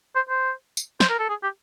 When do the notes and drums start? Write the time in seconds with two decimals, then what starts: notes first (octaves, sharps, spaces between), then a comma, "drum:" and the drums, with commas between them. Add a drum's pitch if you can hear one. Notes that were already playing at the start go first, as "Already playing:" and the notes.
0.16 C5
0.30 C5
0.77 drum: tambourine
1.00 C5, drum: snare
1.10 A#4
1.19 A4
1.29 G#4
1.43 G4